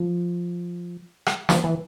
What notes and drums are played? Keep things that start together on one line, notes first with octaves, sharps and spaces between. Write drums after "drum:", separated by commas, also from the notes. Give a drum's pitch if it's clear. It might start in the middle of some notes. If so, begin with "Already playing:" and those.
Already playing: F3
drum: rim click
F3, drum: snare
E3